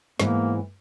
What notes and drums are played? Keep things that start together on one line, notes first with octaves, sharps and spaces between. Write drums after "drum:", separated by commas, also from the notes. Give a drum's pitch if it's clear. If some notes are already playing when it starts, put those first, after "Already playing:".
G#2 E3 A#3 B3 E4, drum: snare